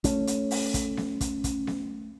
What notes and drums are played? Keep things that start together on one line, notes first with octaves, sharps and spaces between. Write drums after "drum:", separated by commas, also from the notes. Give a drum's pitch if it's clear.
A3 C#4, drum: kick, hi-hat
drum: hi-hat
drum: open hi-hat
drum: kick, hi-hat
drum: snare B3
drum: kick, hi-hat
drum: kick, hi-hat
drum: snare B3